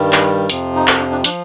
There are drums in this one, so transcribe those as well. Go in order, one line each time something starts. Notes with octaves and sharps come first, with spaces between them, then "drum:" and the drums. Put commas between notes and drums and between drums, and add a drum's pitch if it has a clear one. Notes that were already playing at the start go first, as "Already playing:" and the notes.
Already playing: G2 D#3 G3
drum: clap
F2 C3 F3, drum: hi-hat
D#4
D4, drum: clap
D4
D4
F3 D4, drum: hi-hat